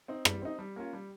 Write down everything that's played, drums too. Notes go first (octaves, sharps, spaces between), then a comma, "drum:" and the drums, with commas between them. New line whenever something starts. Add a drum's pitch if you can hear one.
C4 D#4
G3, drum: rim click
C4 D#4
G3
A#3 C#4 F4
G3